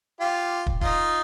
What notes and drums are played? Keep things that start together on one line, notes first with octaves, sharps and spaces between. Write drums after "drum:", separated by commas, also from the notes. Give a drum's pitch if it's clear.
F4 G4
drum: kick
D#4 F4, drum: kick